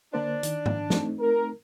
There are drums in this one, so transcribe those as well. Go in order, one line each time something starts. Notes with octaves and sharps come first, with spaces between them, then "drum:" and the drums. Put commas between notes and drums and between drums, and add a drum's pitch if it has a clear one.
D3 A#3 D4 C5
D#3, drum: hi-hat
drum: tom
A3 C4 D#4, drum: snare
A#4